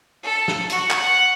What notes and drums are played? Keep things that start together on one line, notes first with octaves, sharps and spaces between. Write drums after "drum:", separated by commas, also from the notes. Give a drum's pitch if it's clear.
A4
drum: snare
F#4, drum: hi-hat
drum: clap
F#5